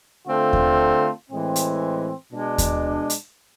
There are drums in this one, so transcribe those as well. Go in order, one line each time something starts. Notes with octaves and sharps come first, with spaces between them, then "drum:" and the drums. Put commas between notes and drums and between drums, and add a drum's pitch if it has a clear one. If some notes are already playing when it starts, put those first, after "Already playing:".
D3 A3 C4 F4 A4
drum: kick D#2
A2 E3 G#3 C4
drum: hi-hat
B2 G#3 D4
drum: kick D#2, hi-hat
drum: hi-hat